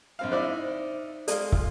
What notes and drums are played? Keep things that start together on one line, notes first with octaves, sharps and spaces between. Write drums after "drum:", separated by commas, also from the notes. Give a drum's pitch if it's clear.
A#1 C4 F5
D#4 E4 C5 D5
G#3 A4 D5 F5, drum: hi-hat
F4, drum: kick